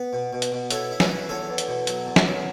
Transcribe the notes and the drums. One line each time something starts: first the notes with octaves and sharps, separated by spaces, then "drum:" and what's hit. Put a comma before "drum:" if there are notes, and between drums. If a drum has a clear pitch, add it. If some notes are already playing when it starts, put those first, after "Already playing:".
Already playing: B3
B2
B2
drum: hi-hat
B2
E4 A4 C#5, drum: hi-hat
E4
F#4 B4, drum: snare
E4
E2 A4 C#5
E2
drum: hi-hat
B2
F#3, drum: hi-hat
E2
drum: snare
F#3